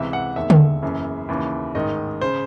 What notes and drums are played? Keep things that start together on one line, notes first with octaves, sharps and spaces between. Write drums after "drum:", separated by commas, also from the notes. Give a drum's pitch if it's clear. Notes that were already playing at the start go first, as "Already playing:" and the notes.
Already playing: C#2 C3 E3 E5
F#5
E1 D#2 D#3 E5
drum: tom D3
F#1 F#2 C#3 E3
D#2 C#3 E3
A1 G#2 D#3 D#5
C#3 C5